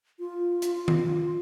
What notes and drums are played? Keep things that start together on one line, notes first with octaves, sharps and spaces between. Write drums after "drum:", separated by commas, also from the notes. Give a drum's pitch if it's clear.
F4
drum: hi-hat
drum: tom D#3